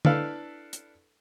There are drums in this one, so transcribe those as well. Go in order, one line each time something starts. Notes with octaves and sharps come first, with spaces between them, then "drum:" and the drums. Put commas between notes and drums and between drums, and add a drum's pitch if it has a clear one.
D4 E4 A4 B4 F5, drum: tom
drum: hi-hat